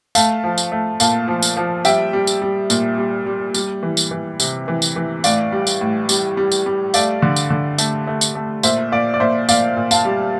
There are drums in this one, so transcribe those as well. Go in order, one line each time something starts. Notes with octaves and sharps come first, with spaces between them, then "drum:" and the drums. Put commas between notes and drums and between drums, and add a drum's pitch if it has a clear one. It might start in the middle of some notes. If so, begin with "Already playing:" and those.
A3 F5 A5, drum: tambourine
F3
drum: tambourine
A3
A#2 F5 A5, drum: tambourine
F3
drum: tambourine
F3
G3 E5 G5, drum: tambourine
G3
drum: tambourine
G3
A#2, drum: tambourine
G3
G3
G3, drum: tambourine
E3
drum: tambourine
E3
C3, drum: tambourine
E3
drum: tambourine
E3
A2 D5 F5, drum: tambourine
G3
drum: tambourine
A2
G3, drum: tambourine
G3
drum: tambourine
G3
A3 D5 F5, drum: tambourine
D3
drum: tambourine
D3
A3, drum: tambourine
A3
drum: tambourine
A3
A#2 C5 E5, drum: tambourine
A#2 D5 F5
D5
A#2 C5 E5
A#2 D5 F5, drum: tambourine
A#2
F5 A5, drum: tambourine
G3